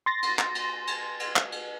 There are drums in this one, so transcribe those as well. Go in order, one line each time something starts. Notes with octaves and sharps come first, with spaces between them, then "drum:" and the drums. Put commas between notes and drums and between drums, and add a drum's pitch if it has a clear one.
C6 A6 A#6
drum: cymbal
drum: clap
drum: cymbal
drum: cymbal
drum: cymbal
drum: clap
drum: cymbal